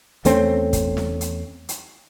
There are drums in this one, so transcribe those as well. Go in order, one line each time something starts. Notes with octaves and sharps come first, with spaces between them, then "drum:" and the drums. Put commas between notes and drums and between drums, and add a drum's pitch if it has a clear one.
E2 A3 C4 C#4, drum: hi-hat
drum: kick, hi-hat
drum: snare
drum: hi-hat
drum: hi-hat